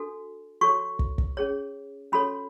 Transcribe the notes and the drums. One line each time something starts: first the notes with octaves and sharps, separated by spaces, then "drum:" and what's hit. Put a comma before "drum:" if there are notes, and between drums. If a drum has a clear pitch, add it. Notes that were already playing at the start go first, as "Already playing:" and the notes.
Already playing: D4 F#4 A4
F#4 A4 C#5 C#6
drum: kick
drum: kick
C#4 G#4 C#5
C#4 F#4 A4 C#5 B5